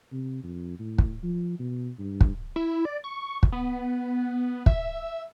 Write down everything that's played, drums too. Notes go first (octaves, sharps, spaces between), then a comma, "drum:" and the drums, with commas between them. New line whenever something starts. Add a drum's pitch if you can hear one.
C3
F2
A2
drum: kick
F3
B2
G2
drum: kick
E4
D5
C#6
drum: kick
B3
E5, drum: kick